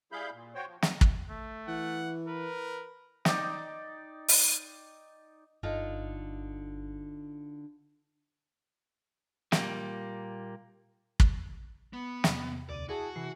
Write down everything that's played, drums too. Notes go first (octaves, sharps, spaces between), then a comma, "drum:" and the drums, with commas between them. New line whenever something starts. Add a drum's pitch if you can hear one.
G3 E4 G#4 F5 B5 G6
A#2
F#4 C5 C#5 G5
F3
E2 A3 A#5, drum: snare
drum: kick
A3
E3 F#5
A#4 B4
D#4 D5 G5, drum: snare
drum: open hi-hat
G1 D3 D#4 F4
A#2 G3 A#3, drum: snare
drum: kick
B3
E2 C3, drum: snare
D2 D5 D#7
E4 F#4 G#4 A5
C3 E3 G#5 C7